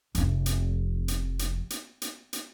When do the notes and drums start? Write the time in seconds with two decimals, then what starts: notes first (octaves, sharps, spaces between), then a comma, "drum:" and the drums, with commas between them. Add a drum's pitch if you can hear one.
0.15 F1 F2, drum: hi-hat
0.46 drum: hi-hat
1.08 drum: hi-hat
1.39 drum: hi-hat
1.70 drum: hi-hat
2.02 drum: hi-hat
2.33 drum: hi-hat